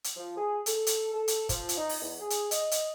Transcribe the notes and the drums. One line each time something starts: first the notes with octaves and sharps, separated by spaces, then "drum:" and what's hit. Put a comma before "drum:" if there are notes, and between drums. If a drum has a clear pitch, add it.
drum: hi-hat
F3
G#4
A4, drum: hi-hat
drum: hi-hat
A4
drum: hi-hat
F3, drum: kick, hi-hat
drum: hi-hat
D#4
drum: open hi-hat
E2
G#4
drum: hi-hat
D#5, drum: hi-hat
drum: hi-hat